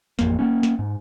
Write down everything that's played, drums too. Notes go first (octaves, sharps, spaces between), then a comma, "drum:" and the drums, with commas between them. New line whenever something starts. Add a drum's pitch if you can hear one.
A1 F2 A#3, drum: snare
A#3 B3 C#4
drum: snare
G#2